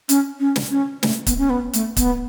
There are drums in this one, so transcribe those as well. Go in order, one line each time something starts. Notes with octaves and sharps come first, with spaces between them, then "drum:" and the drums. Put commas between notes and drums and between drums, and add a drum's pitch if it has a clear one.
C#4, drum: hi-hat
C#4
drum: snare
C#4
A3, drum: snare
B3, drum: kick, hi-hat
C#4
B3
A3, drum: hi-hat
B3, drum: kick, hi-hat